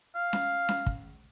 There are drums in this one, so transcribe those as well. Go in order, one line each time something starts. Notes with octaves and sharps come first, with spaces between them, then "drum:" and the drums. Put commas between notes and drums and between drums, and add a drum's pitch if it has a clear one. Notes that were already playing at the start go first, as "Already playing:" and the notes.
F5
drum: snare C#4
drum: snare C#4
drum: kick